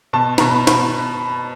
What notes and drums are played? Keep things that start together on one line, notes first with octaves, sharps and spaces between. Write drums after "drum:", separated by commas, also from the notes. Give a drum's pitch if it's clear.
B2 A5
B2 A#5, drum: snare
B5
B2 B5, drum: snare